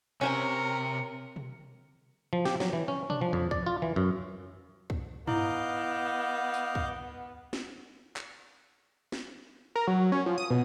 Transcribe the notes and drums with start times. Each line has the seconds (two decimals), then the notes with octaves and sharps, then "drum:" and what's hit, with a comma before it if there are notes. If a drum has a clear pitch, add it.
0.21 C3 C#4 A#4 C5 G#5 C#7
1.36 drum: tom B2
2.33 F3
2.45 G4, drum: snare
2.60 F#3, drum: snare
2.73 E3
2.88 C#4
3.10 D4, drum: tom B2
3.21 F3
3.33 F2
3.51 D5, drum: kick
3.66 F4
3.82 E3
3.96 F#2
4.90 drum: kick
5.27 B3 E4 D#5 F5 D6 G6, drum: tom G2
6.54 drum: tambourine
6.75 drum: kick
7.53 drum: snare
8.16 drum: clap
9.12 drum: snare
9.75 A#4
9.87 F#3
10.12 C#4
10.26 F3
10.38 D#6
10.50 B2